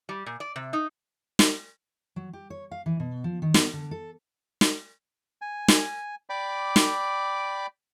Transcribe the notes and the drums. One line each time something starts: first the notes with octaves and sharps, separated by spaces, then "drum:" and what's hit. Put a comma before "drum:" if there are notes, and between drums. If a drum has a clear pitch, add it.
G3
A#2
D5
C3
D#4
drum: snare
F#3
G4
C#5
F5
E3
B2
F3
D#3
B3, drum: snare
D3
A4
drum: snare
G#5
drum: snare
D5 G5 B5 D6
drum: snare